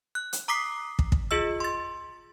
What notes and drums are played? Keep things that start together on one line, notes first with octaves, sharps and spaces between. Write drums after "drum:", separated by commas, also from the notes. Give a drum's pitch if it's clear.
F#6
drum: hi-hat
A#5 D6 D#6 B6 C7
drum: kick
drum: kick
F4 G#4 D#5 E6
C6 A6